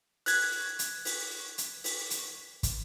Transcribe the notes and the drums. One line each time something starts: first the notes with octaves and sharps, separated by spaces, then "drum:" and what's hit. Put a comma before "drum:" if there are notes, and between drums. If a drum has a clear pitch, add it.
F#6 G#6, drum: open hi-hat
drum: hi-hat
drum: open hi-hat
drum: hi-hat
drum: open hi-hat
drum: hi-hat
drum: kick, hi-hat